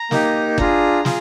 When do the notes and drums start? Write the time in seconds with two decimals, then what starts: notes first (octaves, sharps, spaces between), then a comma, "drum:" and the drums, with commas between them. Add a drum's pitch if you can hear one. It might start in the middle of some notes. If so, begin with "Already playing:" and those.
Already playing: A#5
0.11 A#3 D#4 G4, drum: snare
0.58 D4 F4 G#4 A#5, drum: kick
1.05 F4 G#4, drum: snare